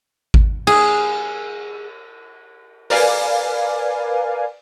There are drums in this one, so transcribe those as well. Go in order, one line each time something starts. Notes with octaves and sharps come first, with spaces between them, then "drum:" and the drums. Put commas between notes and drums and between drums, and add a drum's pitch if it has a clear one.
drum: kick G#1
G#4, drum: cymbal
A#4 B4 D5 F5 G#5, drum: open hi-hat